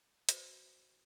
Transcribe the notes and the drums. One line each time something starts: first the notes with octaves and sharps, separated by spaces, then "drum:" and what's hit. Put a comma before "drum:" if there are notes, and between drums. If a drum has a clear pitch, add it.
F#4 B4 C5 B5, drum: hi-hat